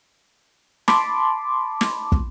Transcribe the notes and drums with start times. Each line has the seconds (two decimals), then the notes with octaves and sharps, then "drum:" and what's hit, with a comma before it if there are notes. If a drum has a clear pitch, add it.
0.88 A5 B5 C6 D6, drum: snare
1.81 drum: snare
2.12 drum: kick